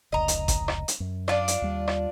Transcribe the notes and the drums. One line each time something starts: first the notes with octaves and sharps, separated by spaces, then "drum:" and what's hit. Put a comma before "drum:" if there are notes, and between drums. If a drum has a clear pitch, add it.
F1 C#2 D#5 A#5
drum: hi-hat
drum: kick G#1, hi-hat
drum: rim click
drum: hi-hat
F#2
D4 F4 D5, drum: rim click
drum: hi-hat
D#2 G3
drum: rim click